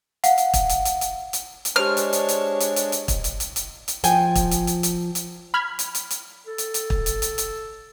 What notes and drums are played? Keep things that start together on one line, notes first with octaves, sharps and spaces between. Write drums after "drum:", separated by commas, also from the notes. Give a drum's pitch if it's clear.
F5 F#5, drum: hi-hat
drum: hi-hat
drum: kick, hi-hat
drum: hi-hat
drum: hi-hat
drum: hi-hat
drum: hi-hat
drum: hi-hat
G#3 D4 G4 C5 C#5 A5 F6
drum: hi-hat
drum: hi-hat
drum: hi-hat
drum: hi-hat
drum: hi-hat
drum: hi-hat
drum: kick, hi-hat
drum: hi-hat
drum: hi-hat
drum: hi-hat
drum: hi-hat
F3 G5 G#5, drum: hi-hat
drum: kick, hi-hat
drum: hi-hat
drum: hi-hat
drum: hi-hat
drum: hi-hat
B5 F6 G#6
drum: hi-hat
drum: hi-hat
drum: hi-hat
A4
drum: hi-hat
drum: hi-hat
drum: kick
drum: hi-hat
drum: hi-hat
drum: hi-hat